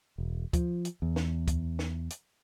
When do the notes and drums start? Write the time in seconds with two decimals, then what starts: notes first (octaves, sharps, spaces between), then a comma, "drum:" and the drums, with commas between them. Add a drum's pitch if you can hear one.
0.18 E1
0.53 F3, drum: kick, hi-hat
0.85 drum: hi-hat
1.02 E2
1.16 drum: snare
1.48 drum: kick, hi-hat
1.79 drum: snare
2.10 drum: hi-hat